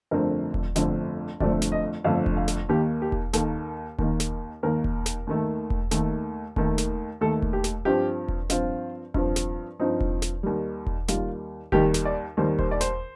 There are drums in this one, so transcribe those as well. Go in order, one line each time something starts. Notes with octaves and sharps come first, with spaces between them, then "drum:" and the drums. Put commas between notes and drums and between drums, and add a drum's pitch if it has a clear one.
G1 F2 D3 A3 C4 A#4
drum: kick E1
G1 F2 D3 A3 C4, drum: snare
G1 F2 D3 A3 C4 D5, drum: kick E1
drum: snare
D#5
G1 F2 D3 A3 C4 F5
drum: kick E1
F5
drum: snare
D#2 D#3 A#3 G4
G4
drum: kick E1
D#2 D#3 A#3 A4, drum: snare
D#2 D#3 A#3, drum: kick E1
drum: snare
D#2 D#3 A#3 A#4
drum: kick E1
drum: snare
D#2 D#3 A3
drum: kick E1
D#2 D#3 A3, drum: snare
D#2 D#3 A3, drum: kick E1
drum: snare
D#2 D#3 A3 A4
drum: kick E1
G4
drum: snare
G2 F3 C4 G4
drum: kick E1
G2 F3 C4 F4, drum: snare
G2 F3 C4, drum: kick E1
drum: snare
G2 F3 C4 D#4
drum: kick E1
drum: snare
D#2 D#3 G3
drum: kick E1
D#2 D#3 G3 F4, drum: snare
D#2 D#3 G3 G4, drum: kick E1
drum: snare
D5
D#2 D#3 G3 C5
C5, drum: kick E1
D5
C5, drum: snare